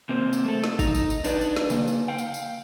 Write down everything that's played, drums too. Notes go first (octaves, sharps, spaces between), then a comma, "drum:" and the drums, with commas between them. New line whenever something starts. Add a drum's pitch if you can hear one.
C3 A#3 C4
drum: tambourine
A3 A4
drum: snare
D#4, drum: kick, tambourine
drum: tambourine
drum: tambourine
D4 D#4 B4 D5, drum: tambourine
drum: tambourine
drum: snare
C#3 A#3, drum: tambourine
drum: tambourine
F5 G5
drum: tambourine
drum: tambourine